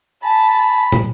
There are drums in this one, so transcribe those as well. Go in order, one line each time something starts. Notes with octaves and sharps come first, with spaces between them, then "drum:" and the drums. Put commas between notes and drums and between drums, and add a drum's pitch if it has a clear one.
G#5 A5 B5
drum: tom